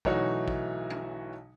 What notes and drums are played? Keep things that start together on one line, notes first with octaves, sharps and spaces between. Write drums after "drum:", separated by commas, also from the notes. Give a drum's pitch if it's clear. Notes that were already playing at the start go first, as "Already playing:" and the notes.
B1 E3 A3 D#4 F#4 C#5, drum: kick
drum: kick
drum: tom